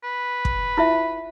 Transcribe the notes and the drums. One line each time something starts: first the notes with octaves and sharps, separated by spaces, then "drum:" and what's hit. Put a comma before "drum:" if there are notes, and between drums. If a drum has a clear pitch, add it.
B4
drum: kick
E4 F4 E5